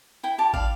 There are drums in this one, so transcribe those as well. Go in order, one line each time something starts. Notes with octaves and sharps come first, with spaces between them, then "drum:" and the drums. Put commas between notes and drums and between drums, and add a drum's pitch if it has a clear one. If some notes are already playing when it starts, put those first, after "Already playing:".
E4 G5
G4 A5
D5 F5, drum: kick